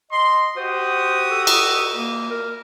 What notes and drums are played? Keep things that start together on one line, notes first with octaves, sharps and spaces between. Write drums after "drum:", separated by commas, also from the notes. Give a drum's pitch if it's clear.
D#5 C6
F#4 G4 C5 D#6
A4
drum: cymbal
A#3
A#4